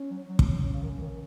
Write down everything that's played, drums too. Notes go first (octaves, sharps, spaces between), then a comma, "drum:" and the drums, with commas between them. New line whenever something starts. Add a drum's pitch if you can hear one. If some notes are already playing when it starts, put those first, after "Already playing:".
Already playing: C#4
F#3
F#3
drum: kick
F#3
C#3
D#3
D#3